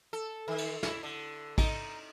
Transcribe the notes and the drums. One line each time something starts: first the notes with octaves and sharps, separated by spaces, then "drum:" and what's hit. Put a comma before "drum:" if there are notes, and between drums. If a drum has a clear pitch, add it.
A4
D#3
drum: cymbal
E4, drum: snare
D3
D#4, drum: kick A1, cymbal